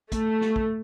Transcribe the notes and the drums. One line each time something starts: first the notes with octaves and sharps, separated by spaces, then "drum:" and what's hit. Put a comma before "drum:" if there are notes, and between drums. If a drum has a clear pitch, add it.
A3, drum: kick, hi-hat
drum: snare
drum: kick